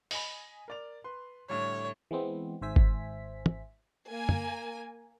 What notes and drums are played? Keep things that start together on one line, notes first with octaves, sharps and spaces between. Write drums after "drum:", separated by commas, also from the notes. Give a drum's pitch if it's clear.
D#5 G#5 B5, drum: open hi-hat
A#4 D5 F7
B4 C6
A2 D3 G3 C#5
E3 G#3 B3 C4
G#1 G#2 C5 E5 G#5 B6
drum: kick G1
drum: tom
A#3 G#5
drum: tom